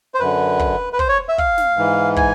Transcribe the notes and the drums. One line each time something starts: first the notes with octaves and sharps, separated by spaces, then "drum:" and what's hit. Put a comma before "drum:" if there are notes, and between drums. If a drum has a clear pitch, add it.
C5
F#2 D3 B4
drum: kick
B4
C5, drum: kick
C#5
E5
F5, drum: kick
drum: snare
G#2 E3
G#5, drum: kick